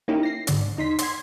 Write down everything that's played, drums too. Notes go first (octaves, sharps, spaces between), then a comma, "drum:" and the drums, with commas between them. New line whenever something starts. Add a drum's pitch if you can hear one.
A#3 C#4 D#4 E4 G4
A#6 C7
G#2 D3 D4, drum: hi-hat
E2 D#4 C6 B6
C6 G#6, drum: hi-hat